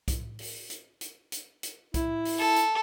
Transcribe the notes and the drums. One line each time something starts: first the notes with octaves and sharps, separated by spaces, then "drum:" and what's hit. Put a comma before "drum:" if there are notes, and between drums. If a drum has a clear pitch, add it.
drum: kick B1, hi-hat
drum: open hi-hat
drum: hi-hat
drum: hi-hat
drum: hi-hat
drum: hi-hat
E4, drum: kick B1, hi-hat
drum: open hi-hat
A4
drum: hi-hat